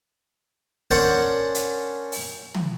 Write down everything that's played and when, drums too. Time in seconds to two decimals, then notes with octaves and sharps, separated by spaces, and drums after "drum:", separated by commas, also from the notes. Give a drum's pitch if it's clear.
0.91 C#4 D4 A#4 C5 F#5 A5
1.55 drum: hi-hat
2.12 drum: open hi-hat
2.54 drum: tom